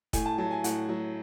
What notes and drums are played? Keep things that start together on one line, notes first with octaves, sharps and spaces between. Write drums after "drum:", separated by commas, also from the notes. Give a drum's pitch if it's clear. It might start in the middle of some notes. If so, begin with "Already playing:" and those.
A2 G#5, drum: kick F1, hi-hat
A5
F#3 A5
G#5
A2 F#5, drum: hi-hat
F#3